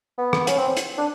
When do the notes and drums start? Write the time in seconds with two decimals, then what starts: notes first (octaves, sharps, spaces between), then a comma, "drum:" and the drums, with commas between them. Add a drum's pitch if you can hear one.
0.18 B3
0.33 drum: rim click
0.47 C#4, drum: hi-hat
0.58 C4
0.77 drum: hi-hat
0.98 D4